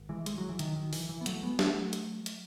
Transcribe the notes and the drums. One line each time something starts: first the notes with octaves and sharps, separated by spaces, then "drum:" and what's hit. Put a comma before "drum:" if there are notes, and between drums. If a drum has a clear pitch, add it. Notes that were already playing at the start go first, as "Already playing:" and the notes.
Already playing: G#1
E3 G#3
G#3, drum: hi-hat
F#3
E3
D#3 F#3, drum: hi-hat
D#3
E3, drum: open hi-hat
E3
B3
F#3 A3, drum: hi-hat
G#3 B3
F#3 A3, drum: snare
drum: hi-hat
drum: hi-hat